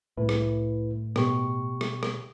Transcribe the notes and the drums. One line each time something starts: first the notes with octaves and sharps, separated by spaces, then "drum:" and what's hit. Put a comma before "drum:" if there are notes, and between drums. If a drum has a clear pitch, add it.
C2 A2 E4 B4
drum: rim click
B2 G4 C#6, drum: rim click
drum: rim click
drum: rim click